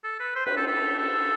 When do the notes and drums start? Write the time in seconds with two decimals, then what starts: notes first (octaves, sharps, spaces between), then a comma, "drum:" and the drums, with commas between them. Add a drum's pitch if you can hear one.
0.04 A4
0.20 B4
0.36 C5
0.46 B4, drum: cymbal
0.57 A4
0.67 A4
0.99 A4